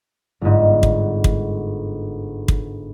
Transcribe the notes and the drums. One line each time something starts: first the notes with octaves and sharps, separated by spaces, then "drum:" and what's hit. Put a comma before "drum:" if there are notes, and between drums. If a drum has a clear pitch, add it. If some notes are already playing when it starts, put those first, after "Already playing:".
G1 G#2
drum: kick
drum: kick
drum: kick